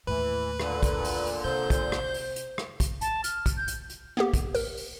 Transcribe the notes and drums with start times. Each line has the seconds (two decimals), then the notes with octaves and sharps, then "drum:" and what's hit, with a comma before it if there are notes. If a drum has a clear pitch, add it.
0.07 D#2 A2 E3 B4
0.60 A#2 D3, drum: rim click
0.83 drum: kick, hi-hat
1.05 drum: open hi-hat
1.26 drum: open hi-hat
1.44 C3 C5 G6
1.70 drum: kick, hi-hat
1.92 drum: rim click
2.14 drum: open hi-hat
2.36 drum: hi-hat
2.58 drum: rim click
2.80 drum: kick, hi-hat
3.01 A5, drum: hi-hat
3.24 F6, drum: hi-hat
3.46 drum: kick, hi-hat
3.57 G6
3.68 drum: hi-hat
3.90 drum: hi-hat
4.17 A#3 B3 G4
4.34 drum: kick, hi-hat
4.55 A#4, drum: open hi-hat
4.77 drum: open hi-hat